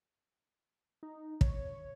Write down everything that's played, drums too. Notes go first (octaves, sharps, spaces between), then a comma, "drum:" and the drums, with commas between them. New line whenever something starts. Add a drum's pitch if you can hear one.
D#4
C#5, drum: kick